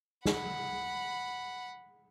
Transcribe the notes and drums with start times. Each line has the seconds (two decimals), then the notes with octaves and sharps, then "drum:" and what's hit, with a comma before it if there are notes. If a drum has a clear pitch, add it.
0.25 F#5 B5, drum: snare